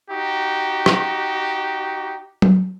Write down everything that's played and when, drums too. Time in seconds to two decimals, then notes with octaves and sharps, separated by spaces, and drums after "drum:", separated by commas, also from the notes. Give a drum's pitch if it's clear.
0.11 D#4 F#4 G4
0.86 drum: rim click
2.42 drum: tom F#3